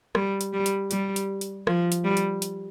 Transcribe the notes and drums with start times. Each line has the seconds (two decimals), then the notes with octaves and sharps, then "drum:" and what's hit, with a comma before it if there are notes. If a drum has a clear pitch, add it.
0.15 G3, drum: rim click
0.41 drum: hi-hat
0.53 G3
0.66 drum: hi-hat
0.91 G3, drum: hi-hat
1.16 drum: hi-hat
1.41 drum: hi-hat
1.67 F3, drum: rim click
1.92 drum: hi-hat
2.04 G3
2.17 drum: hi-hat
2.42 drum: hi-hat